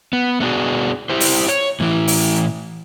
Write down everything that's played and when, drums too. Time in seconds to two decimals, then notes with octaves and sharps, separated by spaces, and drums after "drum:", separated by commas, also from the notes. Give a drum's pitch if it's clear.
0.13 B3
0.40 A3 B3 D4 F#4 G#4
1.09 E4 G4 C5
1.20 drum: open hi-hat
1.48 C#5
1.80 A2 E3 E4
2.08 drum: open hi-hat